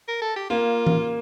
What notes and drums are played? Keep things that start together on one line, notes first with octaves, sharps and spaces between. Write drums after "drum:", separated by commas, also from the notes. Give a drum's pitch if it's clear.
A#4
A4
G4
A#3 F4
drum: tom E3